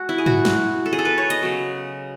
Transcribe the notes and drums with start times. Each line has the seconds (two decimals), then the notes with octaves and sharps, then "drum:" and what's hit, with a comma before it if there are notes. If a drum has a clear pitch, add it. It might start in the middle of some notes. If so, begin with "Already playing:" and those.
Already playing: G#3 F#4
0.09 E4
0.18 G#4
0.26 F#4, drum: tom
0.45 drum: snare
0.86 A4
0.93 G#4
0.99 A4
1.05 B4
1.18 C#5
1.30 D#5, drum: hi-hat
1.42 C#3 F#3 B3